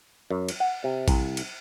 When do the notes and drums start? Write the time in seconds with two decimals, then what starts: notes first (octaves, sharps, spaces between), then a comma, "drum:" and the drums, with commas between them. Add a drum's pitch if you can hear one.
0.31 F#2
0.49 drum: cymbal
0.60 F#5
0.84 C3
1.08 C2, drum: kick A#1, cymbal
1.37 drum: cymbal